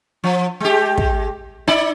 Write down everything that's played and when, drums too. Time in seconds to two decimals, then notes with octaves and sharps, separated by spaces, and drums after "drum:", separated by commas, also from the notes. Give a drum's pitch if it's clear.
0.24 F3
0.60 G#3 G4
0.98 drum: kick
1.67 D#4 D5, drum: rim click